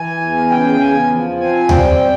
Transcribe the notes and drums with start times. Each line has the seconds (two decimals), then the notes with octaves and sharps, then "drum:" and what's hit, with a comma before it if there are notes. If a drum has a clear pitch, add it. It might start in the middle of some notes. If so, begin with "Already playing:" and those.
Already playing: E3 G#5
0.21 E2
0.50 C#3 G5
0.80 E2 G#5
1.10 F3
1.39 C4 G#5
1.69 G3 G5, drum: tom D2